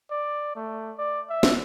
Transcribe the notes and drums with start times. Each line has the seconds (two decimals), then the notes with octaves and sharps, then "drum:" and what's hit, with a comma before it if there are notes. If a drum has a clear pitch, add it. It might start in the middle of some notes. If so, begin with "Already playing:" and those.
0.11 D5
0.56 A3
0.98 D5
1.30 E5
1.43 drum: snare